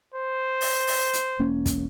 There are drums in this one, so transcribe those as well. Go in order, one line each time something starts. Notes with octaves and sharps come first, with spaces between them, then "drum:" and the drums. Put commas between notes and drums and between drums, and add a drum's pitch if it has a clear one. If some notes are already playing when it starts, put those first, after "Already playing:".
C5
drum: open hi-hat
drum: open hi-hat
drum: hi-hat
E1 A#3 C#4
drum: kick, hi-hat